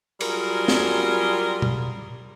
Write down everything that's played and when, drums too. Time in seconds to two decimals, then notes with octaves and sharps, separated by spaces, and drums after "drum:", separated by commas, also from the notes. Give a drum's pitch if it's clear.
0.21 F#3 G3 F4 G#4 A#4, drum: cymbal
0.68 drum: snare
1.62 drum: tom B2